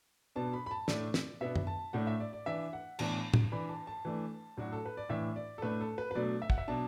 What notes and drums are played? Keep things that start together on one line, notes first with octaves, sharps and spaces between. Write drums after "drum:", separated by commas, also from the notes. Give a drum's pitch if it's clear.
B2 B3 D4 A5
B5
B5
A5
A2 A3 D4 D5, drum: snare
drum: snare
B2 B3 D4 E5
drum: tom F#2
A5
A2 A3 D4 F#5
E5
D5
D5
E3 D4 E5
F#5
A2 E3 B3 D4 A5, drum: cymbal
drum: tom
E3 D4 B5
A5
A5
E3 A3 D4
A2 F#3 D4 F#4
A4
B4
D5
A2 E3 D4 E5
D5
A4
A2 A3 D4 B4
A4
B4
B4
B2 F#3 A3 D4 D5
E5
F#5, drum: kick
E5
B2 F#3 D4 A5